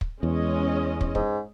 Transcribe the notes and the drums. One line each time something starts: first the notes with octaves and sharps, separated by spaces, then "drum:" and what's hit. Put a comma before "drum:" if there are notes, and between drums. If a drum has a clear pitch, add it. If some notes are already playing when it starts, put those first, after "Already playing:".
drum: kick
E2 G#3 C#4 D#5
drum: kick
G#2, drum: kick